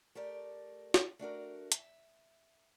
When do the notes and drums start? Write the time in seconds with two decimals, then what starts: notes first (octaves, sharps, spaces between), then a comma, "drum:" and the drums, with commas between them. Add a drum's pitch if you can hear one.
0.15 A3 G4 A#4 D5
0.94 drum: snare
1.19 A3 D4 F#4 A#4
1.72 E5, drum: hi-hat